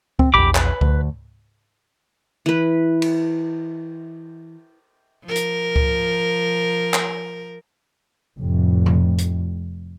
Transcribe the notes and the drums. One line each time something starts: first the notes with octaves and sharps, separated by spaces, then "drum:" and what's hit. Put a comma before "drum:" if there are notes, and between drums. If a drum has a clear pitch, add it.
C4, drum: kick C#2
A#1 E2 G4 B5 D6
B4, drum: clap
D2, drum: kick C#2
E3 B4
drum: cymbal
F3 A#4
drum: hi-hat
drum: kick C#2
drum: clap
F1 F2 A2
drum: tom B2
drum: hi-hat